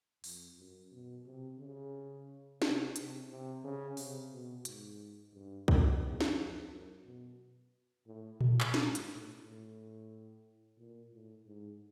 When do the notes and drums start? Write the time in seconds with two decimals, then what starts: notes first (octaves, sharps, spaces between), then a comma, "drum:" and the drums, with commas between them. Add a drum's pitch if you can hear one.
0.24 F2, drum: open hi-hat
0.58 F#2
0.92 B2
1.25 C3
1.59 C#3
2.62 C3, drum: snare
2.96 C3, drum: hi-hat
3.29 C3
3.64 C#3
3.97 C3, drum: open hi-hat
4.32 B2
4.65 G#2, drum: hi-hat
5.34 G2
5.68 F#2, drum: kick C2
6.02 E2
6.21 drum: snare
6.36 F2
6.70 F#2
7.05 B2
8.07 A2
8.41 A2, drum: tom A#2
8.60 drum: clap
8.74 G#2, drum: snare
8.95 drum: hi-hat
9.08 A2
9.42 A2
10.78 A#2
11.12 A2
11.46 G#2